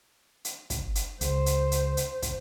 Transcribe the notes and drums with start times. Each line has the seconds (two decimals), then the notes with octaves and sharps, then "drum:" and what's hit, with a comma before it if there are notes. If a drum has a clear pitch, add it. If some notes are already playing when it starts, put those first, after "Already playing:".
0.45 drum: hi-hat
0.70 drum: kick, hi-hat
0.95 drum: hi-hat
1.21 C#2 C5, drum: hi-hat
1.46 drum: hi-hat
1.72 drum: hi-hat
1.97 drum: hi-hat
2.22 drum: kick, hi-hat